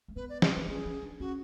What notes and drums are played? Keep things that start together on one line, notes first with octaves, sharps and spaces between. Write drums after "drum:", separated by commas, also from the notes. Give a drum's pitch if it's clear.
A3
B3 B4
D5
D5, drum: snare
D4 B4
C#4 G#4
C#4
D4
C#4 F#4